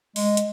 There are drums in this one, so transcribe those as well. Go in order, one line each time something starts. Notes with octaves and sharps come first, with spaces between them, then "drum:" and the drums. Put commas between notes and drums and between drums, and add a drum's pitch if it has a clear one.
G#3, drum: open hi-hat
drum: hi-hat